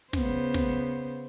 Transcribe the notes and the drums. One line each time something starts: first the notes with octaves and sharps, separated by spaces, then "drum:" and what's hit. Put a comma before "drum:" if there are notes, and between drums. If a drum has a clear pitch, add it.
C#3 B3 C5, drum: snare
drum: snare